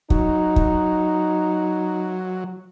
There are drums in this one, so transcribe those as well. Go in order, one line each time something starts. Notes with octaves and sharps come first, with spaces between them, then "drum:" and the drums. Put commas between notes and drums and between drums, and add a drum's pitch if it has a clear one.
F#3 D#4, drum: kick
drum: kick